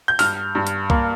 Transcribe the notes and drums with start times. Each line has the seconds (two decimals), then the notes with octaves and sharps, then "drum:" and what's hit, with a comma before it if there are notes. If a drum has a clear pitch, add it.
0.08 G6
0.19 G2 F6, drum: open hi-hat
0.55 G2
0.67 drum: hi-hat
0.90 A#3, drum: kick C2